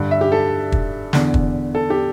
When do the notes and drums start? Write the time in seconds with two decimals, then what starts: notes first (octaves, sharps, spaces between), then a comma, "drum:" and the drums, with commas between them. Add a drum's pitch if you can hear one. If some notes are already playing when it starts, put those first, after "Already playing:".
Already playing: G2 D3
0.11 E5
0.21 G4
0.32 A4
0.72 drum: kick
1.13 E2 D3, drum: snare
1.34 drum: kick
1.75 A4
1.90 G4